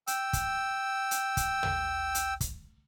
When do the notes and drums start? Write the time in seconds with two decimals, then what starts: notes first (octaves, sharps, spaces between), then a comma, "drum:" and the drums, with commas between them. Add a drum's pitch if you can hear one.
0.07 G5 E6, drum: hi-hat
0.33 drum: kick, hi-hat
1.11 drum: hi-hat
1.37 drum: kick, hi-hat
1.63 drum: tom
2.15 drum: hi-hat
2.41 drum: kick, hi-hat